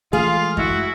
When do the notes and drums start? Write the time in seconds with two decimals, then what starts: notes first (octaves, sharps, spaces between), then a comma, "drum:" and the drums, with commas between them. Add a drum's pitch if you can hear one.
0.13 E3 G#3 A3 F4 G#4 F5
0.57 E4 F#4, drum: kick F#2